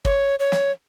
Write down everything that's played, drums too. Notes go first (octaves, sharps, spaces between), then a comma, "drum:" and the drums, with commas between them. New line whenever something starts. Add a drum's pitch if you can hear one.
C#5, drum: kick
C#5
drum: snare